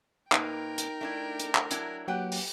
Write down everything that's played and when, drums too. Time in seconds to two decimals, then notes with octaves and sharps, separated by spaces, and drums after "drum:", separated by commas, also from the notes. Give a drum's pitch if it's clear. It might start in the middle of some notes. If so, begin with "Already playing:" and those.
0.32 A#2 A#3 D#4 A#4 B4 G5, drum: clap
0.78 drum: hi-hat
1.01 A3 D4 E4
1.40 drum: hi-hat
1.55 drum: clap
1.71 F#3 D4 E4, drum: hi-hat
2.08 F#3 A#3 G4 B4 F#5 G5
2.32 drum: open hi-hat